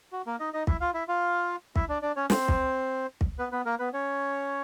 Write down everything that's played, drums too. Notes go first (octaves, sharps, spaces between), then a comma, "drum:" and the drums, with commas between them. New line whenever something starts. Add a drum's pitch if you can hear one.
F#4
A#3 A#4
D#4 D#5
D#4 D#5
E4 E5, drum: kick
F4 F5
E4 E5
F4 F5
E4 E5, drum: kick
D4 D5
D4 D5
C#4 C#5
C4 C5, drum: snare
drum: kick
drum: kick
B3 B4
B3 B4
A#3 A#4
B3 B4
C#4 C#5